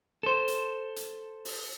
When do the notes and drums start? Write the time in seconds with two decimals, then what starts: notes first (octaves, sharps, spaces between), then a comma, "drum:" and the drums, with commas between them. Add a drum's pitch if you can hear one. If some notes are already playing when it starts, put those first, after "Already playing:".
0.23 A4 C5
0.48 drum: hi-hat
0.96 drum: hi-hat
1.45 drum: open hi-hat